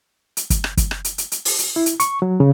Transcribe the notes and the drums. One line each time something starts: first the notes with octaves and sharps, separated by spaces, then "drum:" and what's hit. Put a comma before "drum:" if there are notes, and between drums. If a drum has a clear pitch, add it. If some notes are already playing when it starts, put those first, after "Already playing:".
drum: hi-hat
drum: kick, hi-hat
drum: rim click
drum: kick, hi-hat
drum: rim click
drum: hi-hat
drum: hi-hat
drum: hi-hat
drum: open hi-hat
drum: hi-hat
E4
drum: hi-hat
C#6, drum: hi-hat
F#3
C#3